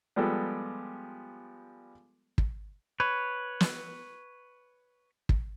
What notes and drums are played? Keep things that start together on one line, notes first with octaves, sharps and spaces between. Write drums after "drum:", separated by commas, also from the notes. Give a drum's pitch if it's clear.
F3 G3 G#3 B3 G4 A4
drum: kick
B4 C#5
drum: snare
drum: kick